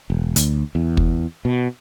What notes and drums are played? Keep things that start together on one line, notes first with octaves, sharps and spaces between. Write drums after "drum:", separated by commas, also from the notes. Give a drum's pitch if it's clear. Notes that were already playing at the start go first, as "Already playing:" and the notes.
E1
D2, drum: hi-hat
E2
drum: kick
B2